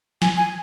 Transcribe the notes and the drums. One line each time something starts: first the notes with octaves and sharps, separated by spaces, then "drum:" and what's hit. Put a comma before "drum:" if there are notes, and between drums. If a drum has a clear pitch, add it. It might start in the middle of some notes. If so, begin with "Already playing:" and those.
G#5, drum: snare
G#5